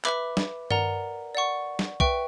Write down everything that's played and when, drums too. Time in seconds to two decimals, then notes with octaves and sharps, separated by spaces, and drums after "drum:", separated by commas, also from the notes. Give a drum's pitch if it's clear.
0.05 B4 E5 B5 D6, drum: clap
0.37 drum: snare
0.71 A#4 D5 F#5 A#5, drum: tom G2
1.35 D5 F#5 C#6
1.79 drum: snare
2.00 B4 E5 G5 C#6, drum: kick B1